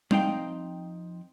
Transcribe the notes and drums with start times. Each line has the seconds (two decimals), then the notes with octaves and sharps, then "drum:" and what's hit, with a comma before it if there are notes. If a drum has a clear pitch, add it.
0.11 F2 C4 D#4 F5 G5, drum: tom G3